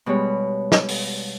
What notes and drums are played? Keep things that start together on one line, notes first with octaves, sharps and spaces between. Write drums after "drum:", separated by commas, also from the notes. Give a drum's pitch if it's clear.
B2 G3 G#3 C#5
drum: snare
drum: open hi-hat